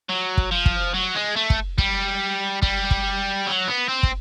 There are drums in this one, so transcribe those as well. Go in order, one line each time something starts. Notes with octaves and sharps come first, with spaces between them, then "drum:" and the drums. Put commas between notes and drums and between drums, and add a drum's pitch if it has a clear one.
F#3
drum: kick
F3
drum: kick
F#3
G#3
A3
drum: kick
G3, drum: kick
G3, drum: kick
drum: kick
F#3
B3
C4
drum: kick